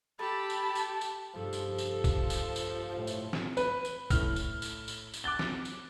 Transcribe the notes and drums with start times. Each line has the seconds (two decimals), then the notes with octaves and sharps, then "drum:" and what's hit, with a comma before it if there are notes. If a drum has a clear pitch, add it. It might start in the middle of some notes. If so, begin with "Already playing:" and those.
0.19 G4 A4 A5 B5
0.50 drum: tambourine
0.75 drum: tambourine
1.01 drum: tambourine
1.34 F1 G2 F3 G4 A4
1.53 drum: tambourine
1.78 drum: tambourine
1.89 A4
2.04 drum: kick, tambourine
2.30 drum: tambourine
2.56 drum: tambourine
2.96 A2
3.07 drum: tambourine
3.33 drum: snare
3.57 B4, drum: tambourine
3.85 drum: tambourine
4.10 A2 F6, drum: kick, tambourine
4.36 drum: tambourine
4.62 drum: tambourine
4.88 drum: tambourine
5.14 drum: tambourine
5.24 D6 F#6 A6 G7
5.39 drum: snare
5.65 drum: tambourine